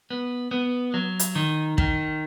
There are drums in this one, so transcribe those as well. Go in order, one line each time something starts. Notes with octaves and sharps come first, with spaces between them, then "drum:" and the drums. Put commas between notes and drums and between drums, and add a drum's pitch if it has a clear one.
B3
B3
F#3
drum: hi-hat
D#3
D#3, drum: kick